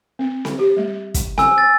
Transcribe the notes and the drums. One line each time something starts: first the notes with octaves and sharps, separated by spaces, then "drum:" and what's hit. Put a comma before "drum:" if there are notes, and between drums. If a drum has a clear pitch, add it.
C4
drum: snare C4
G4
G3 A3
drum: kick, hi-hat
G#5 E6, drum: snare C4
A6